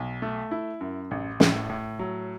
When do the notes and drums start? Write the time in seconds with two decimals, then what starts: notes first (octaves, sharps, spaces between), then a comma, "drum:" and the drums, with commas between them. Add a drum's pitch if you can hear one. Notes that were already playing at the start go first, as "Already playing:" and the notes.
Already playing: B1
0.22 A3
0.51 E4
0.81 F#2
1.11 A1
1.40 A2, drum: snare
1.70 A2
1.99 F#3